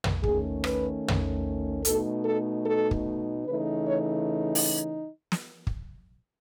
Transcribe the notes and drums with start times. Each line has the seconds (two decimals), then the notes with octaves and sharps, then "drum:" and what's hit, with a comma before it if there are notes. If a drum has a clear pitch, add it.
0.04 drum: tom
0.23 D#3 A3 C#4 G#4, drum: kick
0.64 B4, drum: rim click
1.08 drum: tom
1.85 B2 A3 D#4 A4, drum: hi-hat
2.25 A4
2.66 A4
2.91 drum: kick
3.46 C#3 E3 A3 D#4 B4
3.86 C#5
4.55 drum: open hi-hat
5.32 drum: snare
5.67 drum: kick